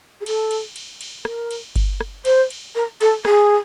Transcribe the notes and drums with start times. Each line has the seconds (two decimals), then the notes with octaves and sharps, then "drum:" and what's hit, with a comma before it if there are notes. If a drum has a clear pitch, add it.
0.20 G#4
0.26 A4, drum: cymbal
0.51 drum: cymbal
0.76 drum: cymbal
1.01 drum: cymbal
1.25 A#4, drum: rim click
1.51 drum: cymbal
1.76 drum: kick G1, cymbal
2.01 drum: rim click
2.25 C5, drum: cymbal
2.50 drum: cymbal
2.75 A#4
3.01 A4, drum: cymbal
3.25 G#4, drum: rim click